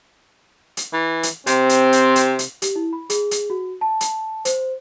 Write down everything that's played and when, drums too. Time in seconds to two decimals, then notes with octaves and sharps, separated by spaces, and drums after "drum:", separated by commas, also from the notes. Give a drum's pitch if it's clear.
0.77 drum: hi-hat
0.93 E3
1.23 drum: hi-hat
1.47 C3 C4, drum: hi-hat
1.69 drum: hi-hat
1.93 drum: hi-hat
2.16 drum: hi-hat
2.39 drum: hi-hat
2.62 G4, drum: hi-hat
2.76 E4
2.93 B5
3.10 G#4, drum: hi-hat
3.31 drum: hi-hat
3.50 F#4
3.81 A5
4.01 drum: hi-hat
4.45 C5, drum: hi-hat